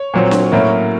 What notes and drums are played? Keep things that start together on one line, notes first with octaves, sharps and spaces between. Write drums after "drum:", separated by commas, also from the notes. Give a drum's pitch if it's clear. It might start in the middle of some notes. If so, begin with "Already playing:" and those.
Already playing: C#5
A#2 F#3 C4
drum: snare D4
A2 F#3 A#3 C#4